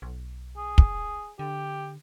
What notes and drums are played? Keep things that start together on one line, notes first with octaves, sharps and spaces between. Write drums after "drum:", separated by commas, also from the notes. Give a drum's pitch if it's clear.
B1
G#4
drum: kick
D3 G4